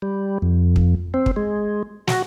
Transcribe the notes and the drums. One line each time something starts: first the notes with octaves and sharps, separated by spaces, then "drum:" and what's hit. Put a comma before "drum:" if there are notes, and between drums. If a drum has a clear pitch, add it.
G3
F2
drum: kick
C4
drum: kick
G#3
F#4, drum: snare